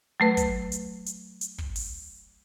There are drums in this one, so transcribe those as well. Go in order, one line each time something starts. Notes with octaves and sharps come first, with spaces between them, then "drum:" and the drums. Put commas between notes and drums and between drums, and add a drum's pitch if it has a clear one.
F#3 A3 B4
drum: kick, hi-hat
drum: hi-hat
drum: hi-hat
drum: hi-hat
drum: kick
drum: open hi-hat